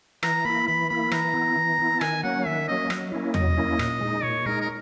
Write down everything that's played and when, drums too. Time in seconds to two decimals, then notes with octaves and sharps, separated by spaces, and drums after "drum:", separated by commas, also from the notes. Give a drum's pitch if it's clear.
0.23 E3 A#5, drum: rim click
0.45 A#3 E4 B5
0.67 E3 B5
0.90 A#3 E4 B5
1.11 E3 A#5, drum: rim click
1.34 B3 E4
1.56 E3
1.79 B3 E4
2.01 D#3 G#5, drum: rim click
2.23 F#3 A#3 C#4 F#5
2.46 D#3 E5
2.67 F#3 A#3 C#4 D#5
2.90 F#3, drum: rim click
3.12 A#3 C#4 E4
3.34 F#3 D#5, drum: tom E2
3.57 A#3 C#4 E4
3.79 A#2, drum: rim click
4.01 G#3 D#4
4.23 A#2 C#5
4.46 G#3 D#4 A#4
4.61 A#4